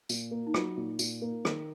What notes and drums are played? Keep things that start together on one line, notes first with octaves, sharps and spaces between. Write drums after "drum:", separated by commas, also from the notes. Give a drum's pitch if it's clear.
A#2, drum: tambourine
A#3
D#4
F#3 F4, drum: rim click
A#2
A#2, drum: tambourine
A#3
D#3, drum: rim click